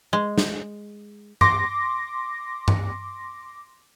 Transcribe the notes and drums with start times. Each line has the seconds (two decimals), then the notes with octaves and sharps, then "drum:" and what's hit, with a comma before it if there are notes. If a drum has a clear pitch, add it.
0.13 G#3
0.38 drum: snare
1.41 C6 D6 A#6, drum: tom G2
2.68 drum: tom G2